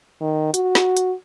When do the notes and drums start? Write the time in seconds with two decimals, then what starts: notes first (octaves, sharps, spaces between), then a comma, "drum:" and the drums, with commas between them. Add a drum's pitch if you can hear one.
0.21 D#3
0.54 F#4, drum: hi-hat
0.75 drum: snare
0.97 drum: hi-hat